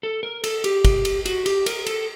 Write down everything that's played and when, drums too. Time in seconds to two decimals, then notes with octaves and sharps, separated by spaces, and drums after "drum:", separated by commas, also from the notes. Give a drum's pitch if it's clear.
0.03 A4
0.23 A#4
0.44 A4, drum: cymbal
0.64 G4, drum: cymbal
0.85 drum: kick, cymbal
1.05 drum: cymbal
1.26 F#4, drum: cymbal
1.46 G4, drum: cymbal
1.66 A#4, drum: cymbal
1.87 A4, drum: cymbal